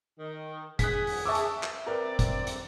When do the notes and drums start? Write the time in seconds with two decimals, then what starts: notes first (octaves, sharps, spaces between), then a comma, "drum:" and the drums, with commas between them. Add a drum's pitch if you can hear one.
0.19 D#3
0.79 G#4 F#6 B6, drum: kick, hi-hat
1.07 drum: open hi-hat
1.25 E5 A5 C#6 D6 E6
1.35 drum: hi-hat
1.63 drum: clap
1.87 C4 A#4 B4 D5
2.19 drum: kick, hi-hat
2.47 drum: hi-hat